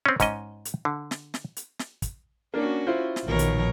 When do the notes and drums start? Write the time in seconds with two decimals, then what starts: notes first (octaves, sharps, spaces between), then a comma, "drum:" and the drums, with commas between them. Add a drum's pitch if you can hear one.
0.06 C4 C#4
0.20 G#2 C#4 D#5, drum: kick, hi-hat
0.65 drum: hi-hat
0.85 D3
1.11 drum: snare
1.34 drum: snare
1.57 drum: hi-hat
1.79 drum: snare
2.02 drum: kick, hi-hat
2.54 A#3 C#4 D4 F#4
2.87 E4 F4 C5
3.16 drum: snare
3.27 A#1 B2 D#3 F3 A#4 C#5
3.39 drum: hi-hat